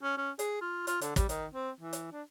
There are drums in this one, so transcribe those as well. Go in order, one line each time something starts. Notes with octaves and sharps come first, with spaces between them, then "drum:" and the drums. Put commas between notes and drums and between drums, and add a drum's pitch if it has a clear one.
C#4
C#4
G#4, drum: hi-hat
F4
F4, drum: hi-hat
D3, drum: hi-hat
G3, drum: kick, hi-hat
D#3, drum: hi-hat
C4
E3
drum: hi-hat
D4